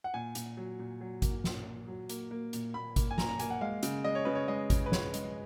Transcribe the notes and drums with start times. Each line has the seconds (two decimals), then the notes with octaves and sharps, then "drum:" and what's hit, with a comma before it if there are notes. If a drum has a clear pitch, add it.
0.04 F#5
0.14 A#2 G#5
0.35 A#2, drum: hi-hat
0.57 F#3
0.79 A#2
1.01 F#3
1.22 A#3, drum: kick G#1, hi-hat
1.44 A#2, drum: snare
1.66 A#2
1.88 F#3
2.09 A#3, drum: hi-hat
2.31 A#3
2.53 A#2, drum: hi-hat
2.74 A#2 B5
2.96 A#3, drum: kick G#1, hi-hat
3.11 G#5
3.18 A#3 A#5, drum: snare
3.29 A#5
3.39 A#3 G#5, drum: hi-hat
3.50 F#5
3.61 G#3 F5
3.83 C#3, drum: hi-hat
4.04 G#3 D#5
4.15 C#5
4.25 C#3 B4
4.35 C#5
4.48 G#3 D#5
4.70 C#3, drum: kick G#1, hi-hat
4.86 B4
4.92 C#3 C#5, drum: snare
5.14 G#3, drum: hi-hat